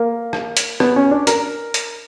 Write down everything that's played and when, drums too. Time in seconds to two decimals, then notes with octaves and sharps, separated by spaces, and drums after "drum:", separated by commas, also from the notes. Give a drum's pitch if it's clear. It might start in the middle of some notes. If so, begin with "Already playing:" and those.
Already playing: A#3
0.33 drum: rim click
0.57 drum: hi-hat
0.80 B3, drum: rim click
0.96 C#4
1.11 D4
1.27 A#4, drum: hi-hat
1.74 drum: hi-hat